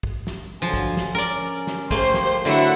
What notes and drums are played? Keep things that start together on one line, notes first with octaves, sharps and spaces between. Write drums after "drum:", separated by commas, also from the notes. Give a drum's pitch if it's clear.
drum: kick
drum: snare
D3 F3 F#3 G#5
drum: kick, hi-hat
drum: snare
C#4 A#4 D5
drum: snare
A3 A#3 G4 C5 C6, drum: kick
drum: snare
D3 F#3 A3 E4 F#4 E5 F#5 E6